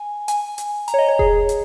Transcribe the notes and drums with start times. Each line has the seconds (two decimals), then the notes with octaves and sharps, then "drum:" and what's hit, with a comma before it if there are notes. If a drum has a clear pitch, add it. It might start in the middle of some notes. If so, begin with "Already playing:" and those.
Already playing: G#5
0.28 G#5, drum: hi-hat
0.58 drum: hi-hat
0.88 A#5, drum: hi-hat
0.94 C#5
0.99 D#5
1.08 C#5
1.19 G#4, drum: kick E1
1.49 drum: hi-hat